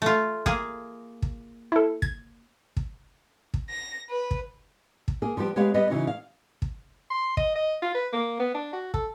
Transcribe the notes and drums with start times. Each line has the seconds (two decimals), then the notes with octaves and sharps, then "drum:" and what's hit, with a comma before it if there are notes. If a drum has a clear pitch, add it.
0.02 A3 F4
0.46 A#3 G#4, drum: kick
1.22 drum: kick
1.72 E4 A4
2.02 G#6, drum: kick
2.77 drum: kick
3.54 drum: kick
3.70 A#6
4.10 B4
4.31 drum: kick
5.08 drum: kick
5.22 A#3 G#4
5.37 F3 G3 B3 G4
5.56 G#3 B3 G4 C#5 F5
5.74 G3 B3 G4 D#5
5.90 C#3 E3 C#4 D#4 F#4
6.07 F5
6.62 drum: kick
7.10 C6
7.37 D#5, drum: kick
7.56 D#5
7.82 F4
7.95 B4
8.13 A#3
8.40 B3
8.55 D4
8.73 F#4
8.94 A4, drum: kick